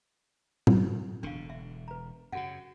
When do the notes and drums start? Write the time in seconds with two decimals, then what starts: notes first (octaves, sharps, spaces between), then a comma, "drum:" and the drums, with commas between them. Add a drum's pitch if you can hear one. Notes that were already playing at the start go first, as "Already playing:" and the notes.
0.67 drum: tom
1.23 E1 D3 D4 F5
1.50 E5
1.88 B4 A#5
2.32 F#2 C#3 F#4 F#5